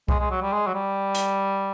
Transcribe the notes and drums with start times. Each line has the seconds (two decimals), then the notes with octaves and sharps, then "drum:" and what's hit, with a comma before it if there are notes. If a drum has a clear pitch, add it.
0.08 G#3, drum: kick C2
0.19 G#3
0.30 F#3
0.41 G3
0.52 G#3
0.67 F#3
0.74 G3
1.15 drum: hi-hat